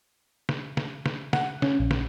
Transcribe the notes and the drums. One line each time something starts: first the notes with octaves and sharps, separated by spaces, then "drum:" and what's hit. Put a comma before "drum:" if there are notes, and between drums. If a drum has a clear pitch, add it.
drum: snare
drum: snare
drum: snare
F#5, drum: snare
C#4, drum: snare
A#1
drum: snare